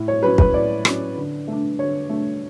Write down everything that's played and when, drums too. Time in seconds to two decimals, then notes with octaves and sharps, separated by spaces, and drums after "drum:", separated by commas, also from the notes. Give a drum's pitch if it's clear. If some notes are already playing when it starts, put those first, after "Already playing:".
Already playing: A2
0.08 C#5
0.23 F#3 C#4 B4
0.38 B4, drum: kick
0.54 A2 D5
0.85 F#3 C#4, drum: rim click
1.17 D3
1.48 A3 D4
1.79 D3 C#5
2.09 A3 D4